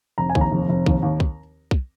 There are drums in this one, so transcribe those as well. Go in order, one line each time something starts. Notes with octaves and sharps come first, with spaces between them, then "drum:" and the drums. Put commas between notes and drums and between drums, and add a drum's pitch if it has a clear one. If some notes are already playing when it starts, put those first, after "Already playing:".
F1 A#5
G#5
D#2, drum: kick
A#5
F1
F1
D#2, drum: kick
D#2
drum: kick
drum: kick